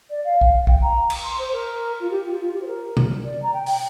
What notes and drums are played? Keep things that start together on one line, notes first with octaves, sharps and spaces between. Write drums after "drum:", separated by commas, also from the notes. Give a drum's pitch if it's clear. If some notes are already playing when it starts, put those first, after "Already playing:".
D5
F5
drum: kick
F5
G5, drum: kick
A#5
drum: cymbal
C6
C5
A#4
F4
G4
F4
F4
G4
C5
A#4
drum: tom B2
D5
A#5
G5
G5, drum: open hi-hat